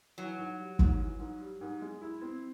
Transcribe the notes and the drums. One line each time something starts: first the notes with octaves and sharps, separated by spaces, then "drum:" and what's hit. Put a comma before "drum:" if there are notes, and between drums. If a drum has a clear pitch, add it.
E3 F#3
G#2
G3
G#2, drum: kick
E3
G#2
G3
G#2
G#3
E4
C4